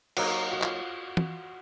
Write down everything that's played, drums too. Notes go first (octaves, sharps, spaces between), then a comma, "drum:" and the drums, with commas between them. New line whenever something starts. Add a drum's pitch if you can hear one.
F#3 A#3 D#4 F#4, drum: cymbal
F#4
F4, drum: clap
drum: tom